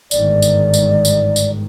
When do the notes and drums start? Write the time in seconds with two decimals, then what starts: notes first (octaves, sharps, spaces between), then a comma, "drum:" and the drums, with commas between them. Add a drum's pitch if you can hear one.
0.11 G1 G#2 D#3 D5, drum: tambourine
0.42 drum: tambourine
0.74 drum: tambourine
1.05 drum: tambourine
1.36 drum: tambourine